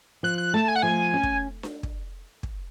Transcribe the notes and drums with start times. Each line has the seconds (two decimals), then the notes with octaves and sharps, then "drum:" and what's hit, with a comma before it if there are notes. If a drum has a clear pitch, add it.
0.23 F3 F#6
0.38 F#6
0.54 A3 A5
0.68 G#5
0.76 F#5
0.82 F3 G#5
1.14 C#4
1.23 drum: kick
1.63 drum: snare D4
1.83 drum: kick
2.43 drum: kick